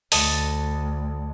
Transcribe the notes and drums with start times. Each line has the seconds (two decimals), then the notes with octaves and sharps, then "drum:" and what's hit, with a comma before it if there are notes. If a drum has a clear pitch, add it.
0.12 D2 A4 D#5, drum: open hi-hat